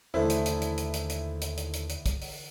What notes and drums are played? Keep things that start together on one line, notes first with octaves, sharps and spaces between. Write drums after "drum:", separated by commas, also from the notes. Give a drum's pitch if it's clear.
D#2 D3 E3 A3 D#4 E4 C5
drum: hi-hat
drum: hi-hat
drum: hi-hat
drum: hi-hat
drum: hi-hat
drum: hi-hat
drum: hi-hat
drum: hi-hat
drum: hi-hat
drum: hi-hat
drum: kick, hi-hat
drum: open hi-hat